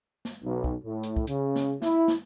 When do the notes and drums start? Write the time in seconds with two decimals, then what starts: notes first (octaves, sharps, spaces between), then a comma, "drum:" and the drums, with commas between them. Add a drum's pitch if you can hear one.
0.25 drum: snare
0.43 B1
0.64 drum: kick
0.84 A2
1.03 drum: hi-hat
1.16 drum: kick
1.27 C#3, drum: hi-hat
1.56 drum: snare
1.82 E4, drum: snare
2.08 drum: snare